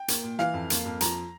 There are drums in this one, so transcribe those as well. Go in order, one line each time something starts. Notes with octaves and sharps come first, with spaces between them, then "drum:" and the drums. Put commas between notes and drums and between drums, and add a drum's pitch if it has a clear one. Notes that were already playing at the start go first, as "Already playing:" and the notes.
Already playing: G5
A#3, drum: hi-hat
A#2
E3 F5, drum: snare
F2
A#3, drum: hi-hat
F2
F3 A#5, drum: hi-hat